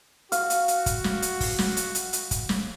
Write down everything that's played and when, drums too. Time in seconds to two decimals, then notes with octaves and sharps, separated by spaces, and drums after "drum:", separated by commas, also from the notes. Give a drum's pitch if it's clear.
0.32 F#4 F5, drum: hi-hat
0.50 drum: hi-hat
0.68 drum: hi-hat
0.86 drum: kick, hi-hat
1.04 drum: snare
1.22 drum: hi-hat
1.40 drum: kick, open hi-hat
1.59 drum: snare
1.77 drum: hi-hat
1.95 drum: hi-hat
2.13 drum: hi-hat
2.31 drum: kick, hi-hat
2.49 drum: snare